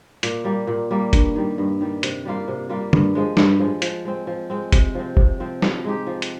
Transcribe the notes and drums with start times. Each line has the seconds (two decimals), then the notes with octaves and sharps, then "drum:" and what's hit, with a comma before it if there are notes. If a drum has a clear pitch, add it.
0.23 A#2, drum: hi-hat
0.44 G3 A#3
0.67 A#2
0.91 G3 A#3
1.13 G2, drum: kick, hi-hat
1.36 D#3 G3
1.58 G2
1.81 D#3 G3
2.03 C3, drum: hi-hat
2.25 G3 A#3 F4
2.48 C3
2.69 G3 A#3 F4
2.93 G2, drum: tom
3.15 F3 G#3
3.37 G2, drum: snare
3.59 F3 G#3
3.82 F3, drum: hi-hat
4.05 G#3 C4
4.27 F3
4.50 G#3 C4
4.72 C3, drum: kick, hi-hat
4.95 F3 C4
5.17 C3, drum: kick
5.40 F3 C4
5.62 F3, drum: snare
5.84 G#3 D#4 G4
6.07 F3
6.22 drum: hi-hat